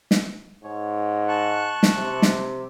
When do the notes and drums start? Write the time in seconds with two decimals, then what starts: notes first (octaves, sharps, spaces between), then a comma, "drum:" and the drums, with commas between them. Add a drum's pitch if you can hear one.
0.11 drum: snare
0.64 G#2 C#5
1.28 A5 C#6 F#6
1.83 drum: snare
1.96 C3
2.22 drum: snare